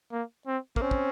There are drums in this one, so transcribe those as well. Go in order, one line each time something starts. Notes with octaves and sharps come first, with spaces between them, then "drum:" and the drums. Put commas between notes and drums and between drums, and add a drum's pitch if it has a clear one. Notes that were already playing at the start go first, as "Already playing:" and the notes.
A#3
C4
A#3, drum: kick
C4 C#4
drum: kick